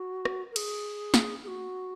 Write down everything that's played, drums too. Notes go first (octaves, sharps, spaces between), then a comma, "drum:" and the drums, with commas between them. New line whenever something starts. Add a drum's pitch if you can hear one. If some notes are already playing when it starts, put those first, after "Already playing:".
Already playing: F#4
drum: rim click
A#4
G#4, drum: cymbal
drum: snare
G#4
F#4